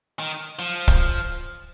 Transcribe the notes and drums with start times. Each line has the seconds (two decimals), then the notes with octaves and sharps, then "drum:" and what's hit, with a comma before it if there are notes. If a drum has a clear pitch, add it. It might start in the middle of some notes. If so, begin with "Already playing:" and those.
0.19 D#3
0.59 F3
0.88 drum: kick